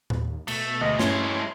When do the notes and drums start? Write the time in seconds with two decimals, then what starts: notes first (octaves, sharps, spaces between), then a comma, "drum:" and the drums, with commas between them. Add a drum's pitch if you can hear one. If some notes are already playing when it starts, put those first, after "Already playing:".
0.10 D#2, drum: tom A2
0.48 B2 A3 E6, drum: cymbal
0.81 D2 G#3 A3 D#5
0.99 G2 C#4 E4 C6, drum: snare